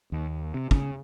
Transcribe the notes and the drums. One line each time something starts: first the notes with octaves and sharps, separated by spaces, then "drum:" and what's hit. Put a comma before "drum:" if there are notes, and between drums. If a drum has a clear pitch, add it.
D#2
C3
C#3, drum: kick